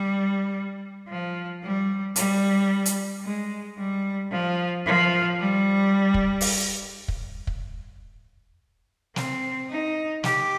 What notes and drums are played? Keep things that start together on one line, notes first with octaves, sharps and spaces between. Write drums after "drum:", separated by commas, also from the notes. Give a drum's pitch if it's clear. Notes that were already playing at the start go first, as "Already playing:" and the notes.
Already playing: G3
F3
G3
G3, drum: hi-hat
drum: hi-hat
G#3
G3
F3
F3
G3
drum: kick
drum: open hi-hat
drum: kick
drum: kick
C4, drum: snare
D#4
G4, drum: snare